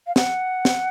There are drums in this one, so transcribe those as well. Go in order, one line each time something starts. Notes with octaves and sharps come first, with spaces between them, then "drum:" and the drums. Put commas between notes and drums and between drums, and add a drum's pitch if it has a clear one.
F5
F#5, drum: snare
drum: snare